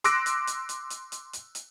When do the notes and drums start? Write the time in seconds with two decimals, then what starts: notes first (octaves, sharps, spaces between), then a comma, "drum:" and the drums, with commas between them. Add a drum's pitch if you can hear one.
0.04 C6 D6 E6 F#6 A#6 D7, drum: hi-hat
0.26 drum: hi-hat
0.47 drum: hi-hat
0.69 drum: hi-hat
0.90 drum: hi-hat
1.12 drum: hi-hat
1.33 drum: hi-hat
1.55 drum: hi-hat